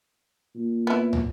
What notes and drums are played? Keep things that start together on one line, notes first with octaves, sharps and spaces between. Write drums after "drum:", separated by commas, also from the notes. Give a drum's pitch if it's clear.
A#2
B3 E4
drum: tom